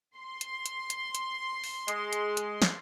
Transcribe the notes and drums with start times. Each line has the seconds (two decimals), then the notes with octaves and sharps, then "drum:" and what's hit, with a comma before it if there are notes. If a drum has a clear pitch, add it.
0.18 C6
0.41 drum: hi-hat
0.66 drum: hi-hat
0.90 drum: hi-hat
1.15 drum: hi-hat
1.64 drum: open hi-hat
1.88 G#3, drum: hi-hat
2.13 drum: hi-hat
2.37 drum: hi-hat
2.62 drum: snare